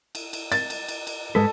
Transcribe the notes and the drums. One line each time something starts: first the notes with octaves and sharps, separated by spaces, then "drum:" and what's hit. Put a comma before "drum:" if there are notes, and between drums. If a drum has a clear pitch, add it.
drum: cymbal
drum: cymbal
A6, drum: cymbal
drum: cymbal
drum: cymbal
drum: cymbal
G#2 G#3 A4 B4